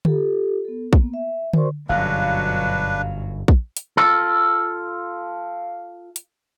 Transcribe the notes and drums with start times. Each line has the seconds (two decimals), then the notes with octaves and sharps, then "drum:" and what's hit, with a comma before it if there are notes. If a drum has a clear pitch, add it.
0.05 F4 G4 A4, drum: tom D3
0.65 B3 A4
0.93 A#3 B3, drum: kick
1.14 E5
1.53 F#4 A#4 C5 D5 C6 C#6, drum: tom D3
1.89 G1 F#2 B2 F#3 D4 B4 F5
3.48 drum: kick
3.77 drum: hi-hat
3.97 F4 A4
6.16 drum: hi-hat